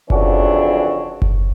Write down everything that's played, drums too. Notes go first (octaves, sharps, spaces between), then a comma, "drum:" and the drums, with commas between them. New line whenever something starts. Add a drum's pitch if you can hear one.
F2 C#3 E3 D4 F#4, drum: kick F#1
drum: kick F#1